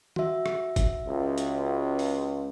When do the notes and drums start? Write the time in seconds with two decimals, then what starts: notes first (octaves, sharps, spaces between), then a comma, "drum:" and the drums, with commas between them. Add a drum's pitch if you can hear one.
0.16 F#4 E5, drum: tom D#3
0.46 drum: rim click
0.76 drum: kick F#1, hi-hat
1.07 C#2
1.38 drum: hi-hat
1.99 drum: open hi-hat